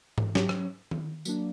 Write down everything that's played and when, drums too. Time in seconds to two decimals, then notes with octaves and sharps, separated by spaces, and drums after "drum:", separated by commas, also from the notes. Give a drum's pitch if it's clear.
0.18 drum: tom G#2
0.35 F#3 C#4 G4 C#5, drum: snare
0.49 drum: rim click
0.91 drum: tom D#3
1.25 F#3 A#3 D4, drum: tambourine